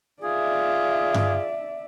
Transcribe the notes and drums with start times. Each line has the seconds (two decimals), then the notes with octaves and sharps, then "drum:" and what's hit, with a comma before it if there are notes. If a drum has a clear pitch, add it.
0.22 F4 G#4 D5 E5
1.14 drum: tom G2